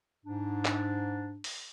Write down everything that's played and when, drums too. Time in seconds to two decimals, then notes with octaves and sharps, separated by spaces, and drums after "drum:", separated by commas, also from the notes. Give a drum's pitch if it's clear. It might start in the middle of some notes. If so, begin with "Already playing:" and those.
0.25 G#2 D4
0.65 drum: clap
1.44 drum: open hi-hat